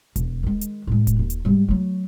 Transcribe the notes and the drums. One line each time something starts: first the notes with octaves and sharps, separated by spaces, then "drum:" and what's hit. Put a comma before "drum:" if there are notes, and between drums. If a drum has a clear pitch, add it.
E1, drum: kick D#1, hi-hat
D#3 G#3
drum: hi-hat
A2 G#3
drum: kick D#1, hi-hat
D#2
drum: hi-hat
G#2 G3
F#3 A3